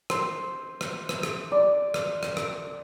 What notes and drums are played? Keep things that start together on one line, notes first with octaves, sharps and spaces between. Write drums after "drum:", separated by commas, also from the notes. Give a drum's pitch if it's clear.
C5, drum: rim click
drum: rim click
drum: rim click
drum: rim click
D5
drum: rim click
drum: rim click
drum: rim click